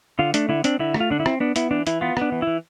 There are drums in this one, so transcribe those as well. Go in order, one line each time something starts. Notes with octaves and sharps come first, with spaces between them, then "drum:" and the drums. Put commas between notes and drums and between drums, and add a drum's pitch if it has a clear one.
D3 F4
A3 D4, drum: hi-hat
D3 E4
C4 D4, drum: hi-hat
D3 E4
A3, drum: rim click
F4
D3 D4
E4
C4, drum: rim click
B3 D4
B3 E4, drum: hi-hat
E3 D4
E3 E4, drum: hi-hat
B3 F4
B3 D4, drum: rim click
E3
E3 E4